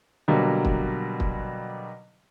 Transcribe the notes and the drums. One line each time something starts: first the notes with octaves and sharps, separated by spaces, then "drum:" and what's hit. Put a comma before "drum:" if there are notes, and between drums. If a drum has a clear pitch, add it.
B2 D3 F#3 G3 A#3
drum: kick
drum: kick